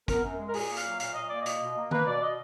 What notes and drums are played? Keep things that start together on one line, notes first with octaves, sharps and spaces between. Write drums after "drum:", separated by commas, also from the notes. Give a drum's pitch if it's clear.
B3 A#4, drum: kick, hi-hat
F#2
G#3
A#4
A#2 G#4, drum: open hi-hat
A#3
F5, drum: hi-hat
F#3
A#2 F5, drum: hi-hat
A#2 D#5
A#3 D5
D#5
B2, drum: hi-hat
B2
A#3
A#3 B4, drum: tom D#3
B2 D5
B2 D#5